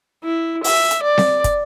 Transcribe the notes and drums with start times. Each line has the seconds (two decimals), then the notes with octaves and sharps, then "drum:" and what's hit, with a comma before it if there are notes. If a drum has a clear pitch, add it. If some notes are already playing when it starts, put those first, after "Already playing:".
0.23 E4
0.64 E5, drum: open hi-hat
0.91 drum: hi-hat
1.04 D5
1.18 drum: snare C4
1.44 drum: kick, hi-hat